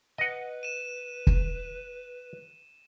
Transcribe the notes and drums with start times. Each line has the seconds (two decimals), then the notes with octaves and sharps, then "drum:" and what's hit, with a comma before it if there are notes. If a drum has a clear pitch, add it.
0.18 B4 D#5 F#5
0.63 D#7 E7
1.27 drum: kick